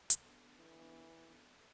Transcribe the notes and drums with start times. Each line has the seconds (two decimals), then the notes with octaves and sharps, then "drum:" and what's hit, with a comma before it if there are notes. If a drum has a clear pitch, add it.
0.10 B3 D4 A4, drum: hi-hat
0.58 E3